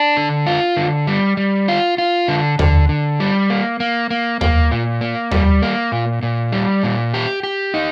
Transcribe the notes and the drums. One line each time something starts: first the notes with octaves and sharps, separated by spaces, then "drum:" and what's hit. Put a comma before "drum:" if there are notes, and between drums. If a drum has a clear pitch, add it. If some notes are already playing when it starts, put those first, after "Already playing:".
Already playing: D4
D3
F4
D3
G3
G3
F4
F4
D3
D3, drum: tom D#2
D3
G3
A#3
A#3
A#3
A#3, drum: tom D#2
A#2
A#3
G3, drum: tom D#2
A#3
A#2
A#2
G3
A#2
G4
G4
D#4